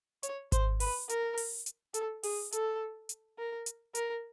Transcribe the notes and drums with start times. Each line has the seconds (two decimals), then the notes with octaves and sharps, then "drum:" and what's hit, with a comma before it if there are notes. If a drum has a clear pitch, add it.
0.23 C#5, drum: hi-hat
0.52 C5, drum: kick G#1, hi-hat
0.80 B4, drum: open hi-hat
1.09 A#4, drum: hi-hat
1.37 drum: open hi-hat
1.66 drum: hi-hat
1.94 A4, drum: hi-hat
2.23 G#4, drum: open hi-hat
2.52 A4, drum: hi-hat
3.09 drum: hi-hat
3.38 A#4
3.66 drum: hi-hat
3.95 A#4, drum: hi-hat